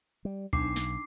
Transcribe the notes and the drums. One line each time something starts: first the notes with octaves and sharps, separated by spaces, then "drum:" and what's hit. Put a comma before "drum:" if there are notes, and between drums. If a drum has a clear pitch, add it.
G3
B1 D4 D#4 D6 C7, drum: kick D2
drum: snare